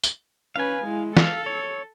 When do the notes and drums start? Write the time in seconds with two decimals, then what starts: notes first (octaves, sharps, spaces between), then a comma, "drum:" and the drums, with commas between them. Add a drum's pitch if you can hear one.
0.03 drum: tambourine
0.56 C#4 B4 F5 G#5
0.84 G#3 E4
1.17 A4 F5, drum: snare
1.46 C#5